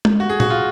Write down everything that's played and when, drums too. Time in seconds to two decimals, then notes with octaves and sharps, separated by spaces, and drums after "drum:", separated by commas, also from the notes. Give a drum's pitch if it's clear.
0.05 drum: tom G#3
0.20 F#4
0.30 G#4
0.40 F#4, drum: tom A#2
0.50 F4